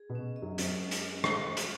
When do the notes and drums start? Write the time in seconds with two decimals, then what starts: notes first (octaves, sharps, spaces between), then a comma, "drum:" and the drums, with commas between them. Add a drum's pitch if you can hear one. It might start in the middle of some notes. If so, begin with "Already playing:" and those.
Already playing: G#4
0.09 B2 B3
0.15 C#4
0.36 D#5
0.42 F#2 F#3
0.58 F#2 F#3 C#4, drum: hi-hat
0.80 G#3
0.91 drum: hi-hat
1.02 C#4
1.24 G#3, drum: rim click
1.46 F#4
1.57 drum: hi-hat